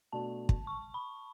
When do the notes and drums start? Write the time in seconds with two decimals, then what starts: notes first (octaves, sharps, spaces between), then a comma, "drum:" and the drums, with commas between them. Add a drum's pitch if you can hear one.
0.12 B2 A3 D4 A5
0.49 drum: kick
0.67 C#6
0.94 B5